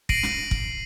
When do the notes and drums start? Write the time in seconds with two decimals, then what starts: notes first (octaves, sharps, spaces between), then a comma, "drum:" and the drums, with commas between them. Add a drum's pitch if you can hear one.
0.09 A#6 C7 D7 D#7 F#7, drum: kick
0.23 drum: snare
0.51 drum: kick